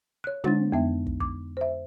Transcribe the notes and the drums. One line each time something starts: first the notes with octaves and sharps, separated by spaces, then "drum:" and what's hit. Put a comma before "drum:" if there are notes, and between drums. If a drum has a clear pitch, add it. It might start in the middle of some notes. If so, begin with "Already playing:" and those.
C#5 F#6
D3 G#3 D4 A6, drum: tom
F2 B3 E5
drum: kick
D6, drum: kick
C5 E5